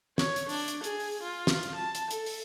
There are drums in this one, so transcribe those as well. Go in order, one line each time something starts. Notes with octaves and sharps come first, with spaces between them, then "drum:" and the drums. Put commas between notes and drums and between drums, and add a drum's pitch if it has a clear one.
C#5, drum: snare
drum: hi-hat
D4, drum: open hi-hat
drum: hi-hat
G#4, drum: hi-hat
drum: open hi-hat
F4
drum: snare
drum: hi-hat
A5
drum: hi-hat
A4, drum: hi-hat
drum: open hi-hat